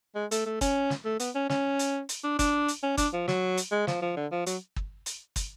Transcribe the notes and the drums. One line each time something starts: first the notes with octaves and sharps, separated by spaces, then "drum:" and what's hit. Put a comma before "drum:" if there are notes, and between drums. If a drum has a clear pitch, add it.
G#3
A3, drum: hi-hat
A3
C#4, drum: kick, hi-hat
drum: snare
A3
B3, drum: hi-hat
C#4
C#4, drum: snare
drum: hi-hat
drum: hi-hat
D4
D4, drum: kick, hi-hat
drum: hi-hat
C#4
D4, drum: kick, hi-hat
F3
F#3, drum: snare
drum: hi-hat
G#3
F3, drum: snare
F3
D3
F3
F#3, drum: hi-hat
drum: kick
drum: hi-hat
drum: kick, hi-hat